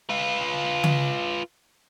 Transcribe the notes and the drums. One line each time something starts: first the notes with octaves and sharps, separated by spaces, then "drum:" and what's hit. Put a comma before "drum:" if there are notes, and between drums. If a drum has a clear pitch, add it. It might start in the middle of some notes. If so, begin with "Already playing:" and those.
F4 B4
drum: tom C#3